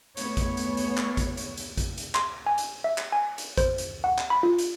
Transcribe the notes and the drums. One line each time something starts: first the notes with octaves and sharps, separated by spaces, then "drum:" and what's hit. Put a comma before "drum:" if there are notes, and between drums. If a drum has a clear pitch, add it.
E3 A3 B3 C#5, drum: hi-hat
drum: kick A1, hi-hat
drum: hi-hat
drum: hi-hat
drum: clap
drum: kick A1, hi-hat
drum: hi-hat
drum: hi-hat
drum: kick A1, hi-hat
drum: hi-hat
C6, drum: clap
G#5
drum: hi-hat
E5
drum: clap
G#5
drum: hi-hat
C5, drum: kick A1, hi-hat
drum: hi-hat
F#5
drum: clap
B5
F4
drum: hi-hat